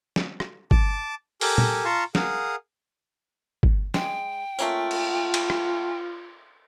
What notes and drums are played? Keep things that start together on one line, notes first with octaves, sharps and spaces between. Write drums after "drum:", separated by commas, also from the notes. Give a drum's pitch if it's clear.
drum: snare
drum: rim click
A5 D6, drum: kick
G4 A4 A#4 G#5, drum: open hi-hat
drum: tom A#2
F4 F5 A5 A#5 C6 C#6
G#4 A#4 F5 F#5 D#6, drum: snare
drum: kick
G#3 G5, drum: snare
A3 A#3 C#4 F4, drum: tambourine
drum: cymbal
drum: cymbal
drum: rim click